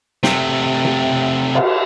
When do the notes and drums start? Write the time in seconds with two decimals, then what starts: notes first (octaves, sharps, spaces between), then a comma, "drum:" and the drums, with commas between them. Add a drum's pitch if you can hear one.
0.23 C3 A3, drum: snare
0.85 drum: tom C3
1.55 drum: cymbal